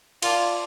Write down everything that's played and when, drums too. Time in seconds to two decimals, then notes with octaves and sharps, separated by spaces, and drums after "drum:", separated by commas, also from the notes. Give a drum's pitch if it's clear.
0.22 F4 A#4 D5 A5 D6, drum: cymbal